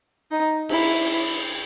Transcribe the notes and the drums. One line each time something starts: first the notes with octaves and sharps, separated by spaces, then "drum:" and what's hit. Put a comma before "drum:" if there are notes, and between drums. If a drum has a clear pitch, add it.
D#4
E4, drum: cymbal
drum: open hi-hat